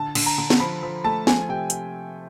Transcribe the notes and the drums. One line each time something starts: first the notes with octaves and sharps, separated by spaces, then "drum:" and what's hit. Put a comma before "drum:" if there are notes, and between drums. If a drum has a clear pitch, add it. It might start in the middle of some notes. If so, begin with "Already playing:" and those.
Already playing: D3 A5
D3, drum: cymbal
A#5
D3
drum: snare
F3 B5
F3
A3 A5
F3 G#5, drum: snare
C3 G5
drum: hi-hat